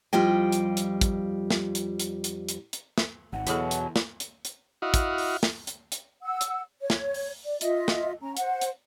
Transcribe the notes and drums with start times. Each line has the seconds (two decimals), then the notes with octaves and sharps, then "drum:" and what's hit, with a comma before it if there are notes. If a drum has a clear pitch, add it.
0.13 F2 G3 F4 D#5 G5
0.52 drum: hi-hat
0.77 drum: hi-hat
1.01 drum: kick, hi-hat
1.50 drum: snare
1.75 drum: hi-hat
1.99 drum: hi-hat
2.24 drum: hi-hat
2.49 drum: hi-hat
2.73 drum: hi-hat
2.98 drum: snare
3.33 G#1 F#5
3.47 E2 B2 F#3 E4 G#4 A4, drum: hi-hat
3.71 drum: hi-hat
3.96 drum: snare
4.20 drum: hi-hat
4.45 drum: hi-hat
4.82 E4 F#4 D#5 F5
4.94 drum: kick, hi-hat
5.18 drum: open hi-hat
5.43 drum: snare
5.67 drum: hi-hat
5.92 drum: hi-hat
6.23 F#5 E6
6.41 drum: hi-hat
6.81 C#5
6.90 drum: snare
7.14 drum: open hi-hat
7.45 D5
7.61 F4 D#5 E5, drum: hi-hat
7.88 drum: snare
8.21 C#4 A#5
8.37 C5 F#5, drum: hi-hat
8.61 drum: hi-hat